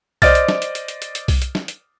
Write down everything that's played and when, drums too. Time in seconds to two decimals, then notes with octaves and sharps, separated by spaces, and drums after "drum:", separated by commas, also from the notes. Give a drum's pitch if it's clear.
0.22 C5 D5 D#5 F6 A6, drum: kick B1, open hi-hat
0.35 drum: hi-hat
0.48 drum: snare
0.62 drum: hi-hat
0.75 drum: hi-hat
0.88 drum: hi-hat
1.02 drum: hi-hat
1.15 drum: hi-hat
1.28 drum: kick B1, open hi-hat
1.42 drum: hi-hat
1.55 drum: snare
1.68 drum: hi-hat